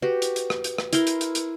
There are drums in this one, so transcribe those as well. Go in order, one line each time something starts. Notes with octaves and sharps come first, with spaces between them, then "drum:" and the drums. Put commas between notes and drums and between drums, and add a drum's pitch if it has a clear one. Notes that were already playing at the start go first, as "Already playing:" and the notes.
F#4 G4 B4
drum: hi-hat
drum: hi-hat
drum: rim click
drum: hi-hat
drum: rim click
E4 A#4 C6, drum: hi-hat
drum: hi-hat
drum: hi-hat
drum: hi-hat